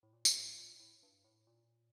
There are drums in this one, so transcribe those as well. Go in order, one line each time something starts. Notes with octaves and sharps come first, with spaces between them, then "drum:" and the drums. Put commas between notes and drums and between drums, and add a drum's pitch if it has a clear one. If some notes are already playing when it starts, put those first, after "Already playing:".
A2
A#2
drum: tambourine
A2
A#2
A2
G2
A2
A#2